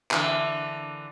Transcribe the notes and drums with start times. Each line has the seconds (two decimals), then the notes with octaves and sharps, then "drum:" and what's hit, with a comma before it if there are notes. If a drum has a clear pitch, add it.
0.11 D3 E3 A#3, drum: clap